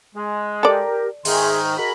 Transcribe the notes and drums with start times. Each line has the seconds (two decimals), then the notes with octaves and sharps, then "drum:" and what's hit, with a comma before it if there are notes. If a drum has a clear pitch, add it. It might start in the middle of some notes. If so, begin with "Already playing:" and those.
0.15 G#3
0.63 G4 A4 A#4 D5
1.25 G#2 D#3 G#4 E5 C6, drum: open hi-hat
1.77 F#4 G#4 A#4 D#5 B5